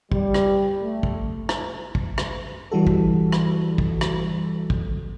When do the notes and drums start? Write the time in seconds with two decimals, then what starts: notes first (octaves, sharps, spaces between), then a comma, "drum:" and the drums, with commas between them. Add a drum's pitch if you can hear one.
0.12 G3, drum: kick
0.34 drum: rim click
0.82 A3
1.03 drum: kick
1.49 drum: rim click
1.95 drum: kick
2.18 drum: rim click
2.72 E3 G3 F#4 A4
2.87 drum: kick
3.32 drum: rim click
3.78 drum: kick
4.01 drum: rim click
4.70 drum: kick